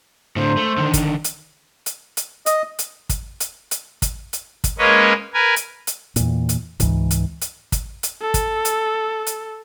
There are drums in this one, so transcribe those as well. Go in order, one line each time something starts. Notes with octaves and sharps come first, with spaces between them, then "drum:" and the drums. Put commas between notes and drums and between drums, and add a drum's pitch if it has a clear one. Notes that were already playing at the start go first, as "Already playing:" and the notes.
A2 D3 C5
A3
D3 D#3
drum: kick, hi-hat
drum: hi-hat
drum: hi-hat
drum: hi-hat
D#5, drum: hi-hat
drum: hi-hat
drum: kick, hi-hat
drum: hi-hat
drum: hi-hat
drum: kick, hi-hat
drum: hi-hat
drum: kick, hi-hat
G#3 A#3 C#4 B4 C#5 D#5
A#4 B4 G#5
drum: hi-hat
drum: hi-hat
E2 A#2, drum: hi-hat
drum: hi-hat
C#2 G#2 E3, drum: kick, hi-hat
drum: hi-hat
drum: hi-hat
drum: kick, hi-hat
drum: hi-hat
A4
drum: kick, hi-hat
drum: hi-hat
drum: hi-hat